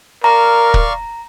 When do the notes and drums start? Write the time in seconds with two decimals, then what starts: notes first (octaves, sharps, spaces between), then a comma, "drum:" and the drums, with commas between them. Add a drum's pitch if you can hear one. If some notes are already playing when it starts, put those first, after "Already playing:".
0.24 A#4 D5 F5 A#5 C#6
0.74 drum: kick